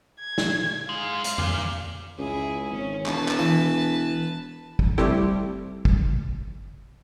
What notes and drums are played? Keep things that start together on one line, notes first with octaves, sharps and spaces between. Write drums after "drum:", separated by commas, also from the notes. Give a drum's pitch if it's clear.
G#6
drum: snare
G#2 G#3 F5
drum: hi-hat
A#2, drum: tom F2
C#2 E4 G#4
G#1 C#4
E1 B4 A5, drum: clap
drum: clap
E3
drum: kick
G3 A3 C4 E4 G4, drum: rim click
drum: kick